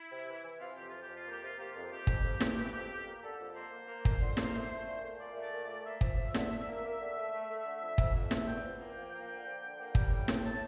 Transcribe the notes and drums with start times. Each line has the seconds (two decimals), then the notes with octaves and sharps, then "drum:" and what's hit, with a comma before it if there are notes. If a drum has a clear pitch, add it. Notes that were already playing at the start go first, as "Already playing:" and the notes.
Already playing: E4
0.10 C3
0.27 E3
0.44 E3
0.59 C3 F4
0.73 F2 G4
0.87 F4
0.93 F3
1.01 G4
1.09 F2
1.16 F4
1.26 A#3 G4
1.41 C3 F4
1.57 A#3 G4
1.70 F2 F4
1.91 F2 G4
2.07 F2, drum: kick
2.24 F2
2.40 F2, drum: snare
2.56 E3
2.73 F2
2.89 F2
3.05 A#3
3.22 D3 A4
3.38 F2
3.56 A#3 C5
3.71 A#3
3.88 A#3
4.05 F2, drum: kick
4.21 D3
4.37 A#3, drum: snare
4.53 A3
4.71 A3
4.87 A#2
5.03 A3
5.19 A#2 D5
5.35 A3
5.41 D5
5.52 A#2
5.63 A3 D5
5.85 A#3 E5
6.01 F3, drum: kick
6.17 F3
6.34 D3, drum: snare
6.51 D3
6.68 A#3
6.84 A#3
7.00 D3
7.17 A3
7.33 A3
7.50 A3
7.65 D3
7.81 F2 E5
7.98 F2, drum: kick
8.14 F2 E5
8.31 A3, drum: snare
8.48 E2 G5
8.64 F3
8.80 A#3
8.97 F3
9.14 A#3
9.30 D3
9.46 F3
9.62 D3
9.79 A#3 G5
9.95 G3, drum: kick
10.11 A2 G5
10.28 A2, drum: snare
10.44 A2 A5